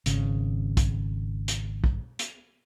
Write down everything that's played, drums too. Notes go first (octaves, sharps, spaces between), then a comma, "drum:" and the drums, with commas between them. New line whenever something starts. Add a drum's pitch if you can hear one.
G#1 C#3, drum: hi-hat
drum: kick, hi-hat
drum: hi-hat
drum: kick
drum: hi-hat